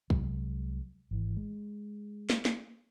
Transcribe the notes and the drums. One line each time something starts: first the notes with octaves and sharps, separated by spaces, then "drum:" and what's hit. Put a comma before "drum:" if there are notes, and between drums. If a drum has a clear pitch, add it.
C2 C3 F#3 G#3, drum: kick
G#1 E3
G#3
drum: snare
drum: snare